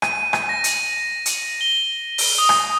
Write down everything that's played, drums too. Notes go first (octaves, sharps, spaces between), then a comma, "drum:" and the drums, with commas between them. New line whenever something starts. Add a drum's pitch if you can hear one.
D#7, drum: rim click
drum: rim click
A#6
drum: hi-hat
drum: hi-hat
G7
drum: open hi-hat
D#6
drum: rim click